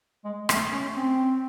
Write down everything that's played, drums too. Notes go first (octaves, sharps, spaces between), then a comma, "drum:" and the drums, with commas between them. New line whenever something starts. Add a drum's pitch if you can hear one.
G#3
A3, drum: rim click
C#4
C4